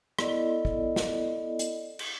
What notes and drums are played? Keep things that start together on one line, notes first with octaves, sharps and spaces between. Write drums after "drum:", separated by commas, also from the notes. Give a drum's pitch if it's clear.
B3 E4 A4 D5 D#5, drum: rim click
drum: kick
drum: snare
drum: hi-hat
drum: cymbal